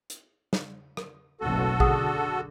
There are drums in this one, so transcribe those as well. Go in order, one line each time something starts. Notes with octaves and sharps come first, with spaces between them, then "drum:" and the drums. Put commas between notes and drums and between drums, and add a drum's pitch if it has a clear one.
drum: hi-hat
drum: snare
drum: rim click
F#1 B1 A2 F#4 A4
D3 G#4 F#5 D#6, drum: kick A1